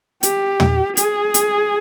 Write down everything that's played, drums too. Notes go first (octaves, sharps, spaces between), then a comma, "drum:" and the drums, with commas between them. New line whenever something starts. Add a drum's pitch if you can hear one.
G4, drum: hi-hat
drum: tom
G#4, drum: hi-hat
drum: hi-hat